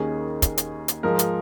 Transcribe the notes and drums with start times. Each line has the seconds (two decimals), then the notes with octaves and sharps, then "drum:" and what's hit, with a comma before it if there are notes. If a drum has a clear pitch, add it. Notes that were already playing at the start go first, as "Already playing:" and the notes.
Already playing: D#2 D#3 A#3 C#4 G#4
0.42 drum: kick, hi-hat
0.58 drum: hi-hat
0.88 drum: hi-hat
1.03 G#2 F3 G#3 A#4
1.19 drum: hi-hat